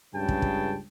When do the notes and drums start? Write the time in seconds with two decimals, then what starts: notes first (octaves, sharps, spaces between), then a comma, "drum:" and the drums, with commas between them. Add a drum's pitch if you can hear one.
0.15 C#2 G2 C#3 G5 A5
0.28 drum: kick
0.42 drum: kick